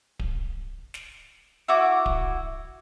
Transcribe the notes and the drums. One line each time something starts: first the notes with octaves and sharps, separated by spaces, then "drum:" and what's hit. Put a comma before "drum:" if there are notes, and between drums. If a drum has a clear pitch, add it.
drum: kick D1
drum: snare
E4 F#4 D6
drum: kick D1